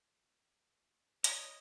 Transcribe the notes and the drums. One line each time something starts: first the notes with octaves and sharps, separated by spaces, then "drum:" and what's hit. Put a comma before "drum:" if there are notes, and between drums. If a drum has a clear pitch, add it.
C#5 D#5, drum: hi-hat